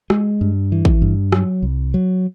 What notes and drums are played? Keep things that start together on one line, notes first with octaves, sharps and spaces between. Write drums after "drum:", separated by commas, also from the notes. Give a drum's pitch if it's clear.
G#3, drum: rim click
G2
E3
drum: kick
G2
F#3, drum: rim click
C2
F#3